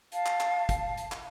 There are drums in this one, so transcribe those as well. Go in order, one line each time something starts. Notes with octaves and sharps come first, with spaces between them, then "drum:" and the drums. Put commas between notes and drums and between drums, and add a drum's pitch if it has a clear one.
F5 A5, drum: hi-hat
drum: clap
drum: clap
drum: kick, hi-hat
drum: hi-hat
drum: clap